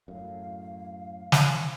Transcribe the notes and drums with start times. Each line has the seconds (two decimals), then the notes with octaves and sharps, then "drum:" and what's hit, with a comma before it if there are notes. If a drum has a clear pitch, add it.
0.08 F#2 A2 F5
1.32 drum: snare